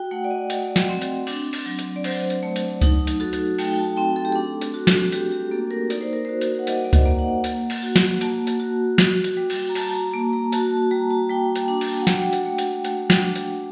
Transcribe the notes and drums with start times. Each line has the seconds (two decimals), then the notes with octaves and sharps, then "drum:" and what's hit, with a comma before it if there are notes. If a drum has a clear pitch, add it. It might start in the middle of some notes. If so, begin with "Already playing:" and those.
Already playing: F#4 G5
0.11 A3 F#5
0.24 D5
0.31 D#5
0.50 A3 D5, drum: hi-hat
0.76 drum: snare
0.89 C4
1.02 drum: hi-hat
1.27 D4, drum: open hi-hat
1.53 drum: open hi-hat
1.66 F#3
1.79 drum: hi-hat
1.96 D5
2.04 F#3 C5, drum: open hi-hat
2.30 drum: hi-hat
2.43 A3
2.56 drum: hi-hat
2.81 D#4, drum: kick C#2, hi-hat
3.07 drum: hi-hat
3.20 F#4 A4
3.33 drum: hi-hat
3.58 A3 G5, drum: open hi-hat
3.78 A5
3.97 C4 G5
4.16 A4
4.25 G4
4.32 D4 A4
4.61 drum: hi-hat
4.74 F#4
4.87 drum: snare
5.12 G3 G4, drum: hi-hat
5.32 G4
5.51 A#3 A4
5.71 A#4
5.90 D#4 D5, drum: hi-hat
6.01 C5
6.13 A#4
6.25 F#4 C5
6.41 drum: hi-hat
6.59 F#5
6.67 G3 D#5, drum: hi-hat
6.84 D5
6.93 D#5, drum: kick C#2, hi-hat
7.06 A#3
7.19 F#5
7.44 A#3, drum: hi-hat
7.70 drum: open hi-hat
7.82 F#4
7.96 drum: snare
8.21 A#3 A5, drum: hi-hat
8.47 drum: hi-hat
8.60 F#4
8.98 F#4, drum: snare
9.24 drum: hi-hat
9.37 G3
9.50 drum: open hi-hat
9.69 A#5
9.75 G3 A5, drum: open hi-hat
9.95 A#5
10.14 A#3
10.33 A#5
10.53 F#4 A5, drum: hi-hat
10.72 A5
10.91 G3 A#5
11.10 A5
11.30 G3 G5
11.56 drum: hi-hat
11.68 D4
11.81 drum: open hi-hat
12.01 F#5
12.07 F#4 G5, drum: snare
12.33 drum: hi-hat
12.46 A3
12.58 drum: hi-hat
12.85 A3, drum: hi-hat
13.10 drum: snare
13.22 D4
13.35 drum: hi-hat